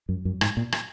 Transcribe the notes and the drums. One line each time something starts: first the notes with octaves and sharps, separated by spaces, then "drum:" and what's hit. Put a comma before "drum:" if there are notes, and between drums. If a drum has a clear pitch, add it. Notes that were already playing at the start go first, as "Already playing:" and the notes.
F#2
F#2
G#2, drum: rim click
A#2
drum: rim click